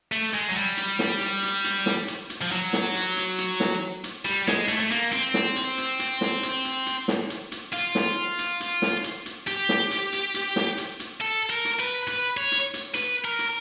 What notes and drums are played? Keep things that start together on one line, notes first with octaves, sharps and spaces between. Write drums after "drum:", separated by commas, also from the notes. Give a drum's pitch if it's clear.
A3
G#3
F#3
G3
drum: hi-hat
drum: snare
drum: hi-hat
drum: hi-hat
drum: hi-hat
drum: snare
drum: hi-hat
drum: hi-hat
F3
F#3, drum: hi-hat
drum: snare
drum: hi-hat
drum: hi-hat
drum: hi-hat
drum: snare
drum: hi-hat
G3, drum: hi-hat
G#3, drum: snare
A3, drum: hi-hat
A3
A#3, drum: hi-hat
C4, drum: hi-hat
drum: snare
drum: hi-hat
drum: hi-hat
drum: hi-hat
drum: snare
drum: hi-hat
drum: hi-hat
drum: hi-hat
drum: snare
drum: hi-hat
drum: hi-hat
F4, drum: hi-hat
drum: snare
drum: hi-hat
drum: hi-hat
drum: snare
drum: hi-hat
drum: hi-hat
G4, drum: hi-hat
drum: snare
drum: hi-hat
drum: hi-hat
drum: hi-hat
drum: snare
drum: hi-hat
drum: hi-hat
A4
A#4
drum: hi-hat
B4
B4, drum: hi-hat
C#5
drum: hi-hat
drum: hi-hat
B4, drum: hi-hat
A#4
drum: hi-hat